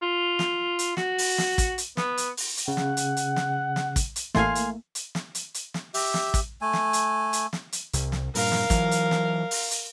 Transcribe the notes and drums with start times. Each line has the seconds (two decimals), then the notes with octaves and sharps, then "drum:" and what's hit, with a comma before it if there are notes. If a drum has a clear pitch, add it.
0.02 F4
0.39 drum: snare
0.79 drum: hi-hat
0.97 F#4, drum: snare
1.18 drum: open hi-hat
1.38 drum: snare
1.58 drum: kick, hi-hat
1.78 drum: hi-hat
1.97 B3, drum: snare
2.17 drum: hi-hat
2.37 drum: open hi-hat
2.57 drum: hi-hat
2.68 C#3 F#5
2.77 drum: snare
2.97 drum: hi-hat
3.17 drum: hi-hat
3.36 drum: snare
3.76 drum: snare
3.96 drum: kick, hi-hat
4.16 drum: hi-hat
4.35 A1 A2 A3 A#3 F5 G#5 C6, drum: snare
4.55 drum: hi-hat
4.95 drum: hi-hat
5.15 drum: snare
5.35 drum: hi-hat
5.54 drum: hi-hat
5.74 drum: snare
5.94 G4 E5, drum: open hi-hat
6.14 drum: snare
6.34 drum: kick, hi-hat
6.61 A3 G#5
6.73 drum: snare
6.93 drum: hi-hat
7.33 drum: hi-hat
7.53 drum: snare
7.72 drum: hi-hat
7.93 C2, drum: hi-hat
8.12 drum: snare
8.35 G2 A#2 A#4 F5, drum: open hi-hat
8.52 drum: snare
8.70 E3 F#3, drum: kick, hi-hat
8.91 drum: hi-hat
9.11 drum: snare
9.51 drum: open hi-hat
9.71 drum: hi-hat